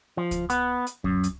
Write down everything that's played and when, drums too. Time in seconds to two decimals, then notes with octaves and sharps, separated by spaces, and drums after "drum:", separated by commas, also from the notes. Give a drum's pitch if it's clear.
0.17 F3
0.31 drum: kick C#2, hi-hat
0.50 B3, drum: hi-hat
0.87 drum: hi-hat
1.04 F#2, drum: kick C#2
1.24 drum: hi-hat